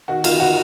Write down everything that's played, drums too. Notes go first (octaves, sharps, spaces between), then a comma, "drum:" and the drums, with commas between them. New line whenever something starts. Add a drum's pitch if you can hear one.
D#3 F#4
D#3 F4, drum: cymbal
F#4